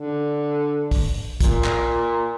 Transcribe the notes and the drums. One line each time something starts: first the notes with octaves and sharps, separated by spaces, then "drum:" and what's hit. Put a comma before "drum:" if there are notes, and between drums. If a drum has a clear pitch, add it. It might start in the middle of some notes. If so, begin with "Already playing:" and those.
Already playing: D3
drum: kick, open hi-hat
A#2, drum: kick, hi-hat
drum: clap